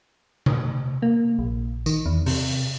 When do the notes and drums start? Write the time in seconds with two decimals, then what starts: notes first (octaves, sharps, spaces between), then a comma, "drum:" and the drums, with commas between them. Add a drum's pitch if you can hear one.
0.46 drum: tom C3
1.02 A#3
1.39 A#1
1.86 D#3, drum: tambourine
2.06 E2
2.26 C3, drum: open hi-hat